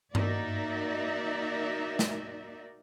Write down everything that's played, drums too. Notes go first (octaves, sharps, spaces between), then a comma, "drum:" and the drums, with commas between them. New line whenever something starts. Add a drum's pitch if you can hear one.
A#3 D#4 F#4 A#4 D5 E5, drum: tom G2
drum: snare